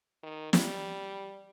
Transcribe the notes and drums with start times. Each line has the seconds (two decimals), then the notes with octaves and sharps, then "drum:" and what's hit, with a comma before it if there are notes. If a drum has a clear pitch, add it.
0.23 D#3
0.53 G3, drum: snare